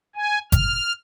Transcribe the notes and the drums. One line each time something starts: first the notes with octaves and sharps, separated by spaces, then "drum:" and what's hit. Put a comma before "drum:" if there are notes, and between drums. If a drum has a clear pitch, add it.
G#5
F6, drum: kick G1, hi-hat